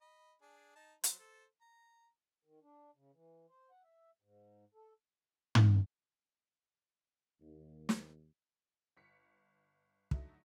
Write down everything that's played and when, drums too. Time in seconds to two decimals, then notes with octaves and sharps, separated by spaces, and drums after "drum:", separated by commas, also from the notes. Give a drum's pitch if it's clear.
0.01 D#5 B5
0.42 D4 G#4
0.76 D#4 A5
1.04 F#3 C5, drum: hi-hat
1.19 A4 C5
1.61 A#5
2.45 D#3
2.62 D4
2.96 C#3
3.14 E3
3.49 C5
3.71 F#5
3.83 E5
4.22 G#2
4.74 A4
5.55 drum: tom
7.41 D#2
7.89 drum: snare
8.97 G1 B6 C#7
10.11 D3 F#3 A3 D#4 E4 F#4, drum: kick